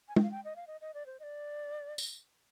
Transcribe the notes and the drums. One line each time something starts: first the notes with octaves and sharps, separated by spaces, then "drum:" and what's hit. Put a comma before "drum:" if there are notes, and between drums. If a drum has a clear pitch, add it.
G#5
G5, drum: tom
F5
G5
D#5
F5
D#5
D#5
D5
C5
D#5
D5
drum: tambourine